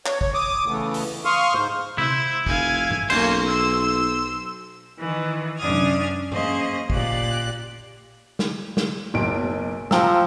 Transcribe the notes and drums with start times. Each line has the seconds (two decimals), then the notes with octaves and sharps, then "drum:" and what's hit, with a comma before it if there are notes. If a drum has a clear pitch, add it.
0.06 C#5, drum: clap
0.21 C#5, drum: kick
0.34 D6 D#6
0.68 C#3 E3 A3 B3
0.94 drum: open hi-hat
1.25 F5 C6 C#6 D#6 F6
1.54 G#2 C5
1.98 E4 C5 E5, drum: tom C3
2.46 F1 F5 G#5, drum: kick
2.91 drum: tom
3.10 B1 A#3 C#4 C5, drum: cymbal
3.47 C6 E6
4.98 D#3 E3
5.57 F#2 C#4 D4 D#6 F6 G#6
5.70 drum: tom C3
6.32 A#3 C#4 G#4 C5 D#5, drum: tom
6.90 A#2 G4 D5 F#6, drum: kick
8.39 drum: snare
8.77 drum: snare
9.14 F#1 B1 D7
9.91 F3 G5 A#5 E6, drum: snare